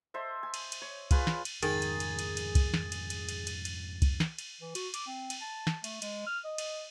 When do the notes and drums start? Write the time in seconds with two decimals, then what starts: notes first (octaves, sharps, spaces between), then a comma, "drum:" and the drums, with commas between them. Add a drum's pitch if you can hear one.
0.14 A4 C5 D#5 E5
0.43 G#5
0.54 drum: cymbal
0.72 drum: cymbal
0.82 C#5
1.11 F4 G#4 B4 C#5, drum: kick, cymbal
1.27 drum: snare
1.45 drum: cymbal
1.63 F2 G#2 C3 D#3 G#4 A6, drum: cymbal
1.82 drum: cymbal
2.00 drum: cymbal
2.19 drum: cymbal
2.37 drum: cymbal
2.55 drum: kick, cymbal
2.74 drum: snare
2.92 drum: cymbal
3.10 drum: cymbal
3.29 drum: cymbal
3.47 drum: cymbal
3.65 drum: cymbal
4.02 drum: kick, cymbal
4.20 drum: snare
4.39 drum: cymbal
4.61 E3
4.75 F#4, drum: cymbal
4.94 D6, drum: cymbal
5.07 C4
5.30 drum: cymbal
5.42 A5
5.67 drum: snare
5.84 A3, drum: cymbal
6.02 G#3, drum: cymbal
6.27 F6
6.45 D#5
6.58 drum: cymbal